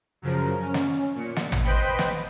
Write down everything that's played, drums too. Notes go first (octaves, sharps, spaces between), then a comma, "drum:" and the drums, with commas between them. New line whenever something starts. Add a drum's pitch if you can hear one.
F#2 C#3 F3 A#4
C#4
drum: snare
A#2 C#7
drum: snare
drum: tom
B4 C5 D#5 G5 B5
drum: snare